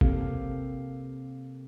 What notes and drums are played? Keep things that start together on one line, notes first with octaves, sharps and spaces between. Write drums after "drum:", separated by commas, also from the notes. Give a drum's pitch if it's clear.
C3 A#3 C4 G4 A4 F5, drum: kick G1